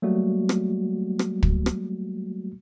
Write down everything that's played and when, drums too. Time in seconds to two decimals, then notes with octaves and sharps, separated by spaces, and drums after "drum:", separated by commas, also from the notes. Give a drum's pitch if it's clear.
0.02 F#3 G3 A3 A#3 F#4
0.49 drum: rim click
1.19 drum: rim click
1.43 drum: kick
1.66 drum: rim click